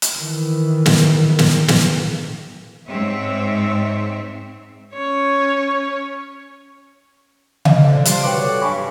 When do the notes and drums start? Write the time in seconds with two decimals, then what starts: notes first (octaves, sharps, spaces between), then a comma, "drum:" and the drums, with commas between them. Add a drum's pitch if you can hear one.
0.02 drum: hi-hat
0.16 D#3 E3
0.86 drum: snare
1.39 drum: snare
1.68 drum: snare
2.87 G#2 C4 C#5 E5
4.93 C#4 C#5
7.65 D#5 F5, drum: tom C3
7.82 D3 F3
8.05 G3 D4 F4 C5, drum: hi-hat
8.24 F#3 F#4 B4 C#5 D5 G5
8.40 A4 C#5
8.62 G2 G#5 B5 C#6